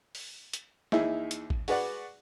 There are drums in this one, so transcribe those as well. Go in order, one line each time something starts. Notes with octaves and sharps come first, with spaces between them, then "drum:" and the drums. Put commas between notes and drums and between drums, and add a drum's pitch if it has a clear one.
drum: open hi-hat
drum: hi-hat
D#2 E3 D#4 E4 G#4 E5, drum: snare
drum: hi-hat
drum: kick
F#4 G#4 B4 D5 F#5, drum: open hi-hat